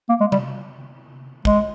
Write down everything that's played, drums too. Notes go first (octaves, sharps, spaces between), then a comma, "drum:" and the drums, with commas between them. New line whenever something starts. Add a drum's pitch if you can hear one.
A#3
G#3
G3, drum: tom C3
G#3, drum: kick